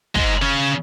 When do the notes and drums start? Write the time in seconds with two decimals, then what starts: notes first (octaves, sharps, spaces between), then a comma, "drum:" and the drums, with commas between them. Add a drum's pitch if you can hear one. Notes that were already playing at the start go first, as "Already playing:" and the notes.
0.15 G#2 G#3, drum: kick
0.42 C#3 C#4